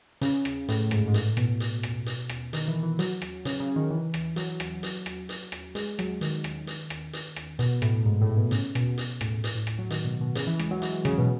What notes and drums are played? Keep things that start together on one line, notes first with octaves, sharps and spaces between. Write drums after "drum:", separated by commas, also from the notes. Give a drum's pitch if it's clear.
C#3, drum: hi-hat
drum: rim click
A2, drum: hi-hat
G#2, drum: rim click
G#2
A2, drum: hi-hat
B2, drum: rim click
drum: hi-hat
drum: rim click
drum: hi-hat
drum: rim click
D#3, drum: hi-hat
E3
E3
F#3, drum: hi-hat
drum: rim click
C#3, drum: hi-hat
C#3
D#3
E3
drum: rim click
F#3, drum: hi-hat
drum: rim click
drum: hi-hat
drum: rim click
drum: hi-hat
drum: rim click
G#3, drum: hi-hat
F#3, drum: rim click
D#3, drum: hi-hat
drum: rim click
drum: hi-hat
drum: rim click
drum: hi-hat
drum: rim click
B2, drum: hi-hat
A2, drum: rim click
G#2
A2
B2
C#3, drum: hi-hat
B2, drum: rim click
B2, drum: hi-hat
A2, drum: rim click
drum: hi-hat
A2
drum: rim click
F#3
D#3, drum: hi-hat
B2
B2
C#3, drum: hi-hat
E3
G#3, drum: rim click
F#3
E3, drum: hi-hat
C#3, drum: rim click
B2